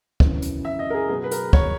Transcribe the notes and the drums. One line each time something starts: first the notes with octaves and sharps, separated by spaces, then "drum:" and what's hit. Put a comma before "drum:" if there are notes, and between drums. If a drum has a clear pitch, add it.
F#2 C#3 E3 B3, drum: kick
drum: hi-hat
E5
D#5
A#4
G#4
B2 F#3 B3 G#4
B4
A#4, drum: hi-hat
C#5, drum: kick